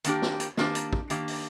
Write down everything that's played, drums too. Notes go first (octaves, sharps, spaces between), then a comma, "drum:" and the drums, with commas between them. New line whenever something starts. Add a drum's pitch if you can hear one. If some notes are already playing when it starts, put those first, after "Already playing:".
D#3 A#3 D4 G4, drum: hi-hat
drum: snare
drum: hi-hat
D#3 A#3 D4 G4, drum: snare
drum: hi-hat
drum: kick
D#3 A#3 D4 G4, drum: hi-hat
drum: open hi-hat